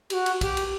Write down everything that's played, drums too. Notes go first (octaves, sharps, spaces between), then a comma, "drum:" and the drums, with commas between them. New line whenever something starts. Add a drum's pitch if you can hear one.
G4, drum: cymbal
F#4
drum: cymbal
G4, drum: kick, cymbal
drum: cymbal